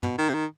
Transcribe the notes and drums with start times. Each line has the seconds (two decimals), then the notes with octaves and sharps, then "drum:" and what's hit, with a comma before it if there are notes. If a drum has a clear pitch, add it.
0.03 B2, drum: tom
0.18 D#3
0.29 C3
0.34 D#3